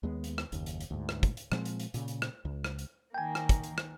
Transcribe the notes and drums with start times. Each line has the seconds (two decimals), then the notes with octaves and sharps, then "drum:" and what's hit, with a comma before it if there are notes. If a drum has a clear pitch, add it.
0.03 D#2 G#3 B3
0.24 drum: hi-hat
0.38 drum: rim click
0.52 F#1 D#2, drum: hi-hat
0.66 drum: hi-hat
0.81 drum: hi-hat
0.91 D2 G#2
1.09 drum: rim click
1.23 drum: kick, hi-hat
1.37 drum: hi-hat
1.52 A#2 F3 G#3 C4, drum: rim click
1.65 drum: hi-hat
1.80 drum: hi-hat
1.94 A#2 C#3, drum: hi-hat
2.08 drum: hi-hat
2.22 drum: rim click
2.45 C#2
2.64 drum: rim click
2.79 drum: hi-hat
3.14 D#3 A#3 G5 G#5
3.35 drum: rim click
3.49 drum: kick, hi-hat
3.64 drum: hi-hat
3.78 drum: rim click